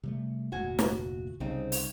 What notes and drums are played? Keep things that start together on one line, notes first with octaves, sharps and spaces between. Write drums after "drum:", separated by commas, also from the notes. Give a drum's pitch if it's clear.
C3 G3 A3
F1 D2 A#2 F#4 G#5
drum: snare
C2 C#3 G3 C4 D#4
drum: open hi-hat